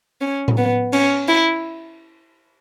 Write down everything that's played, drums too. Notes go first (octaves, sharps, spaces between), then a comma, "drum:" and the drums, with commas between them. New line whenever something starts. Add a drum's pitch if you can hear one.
C#4
drum: tom A2
B3
C#4, drum: cymbal
E4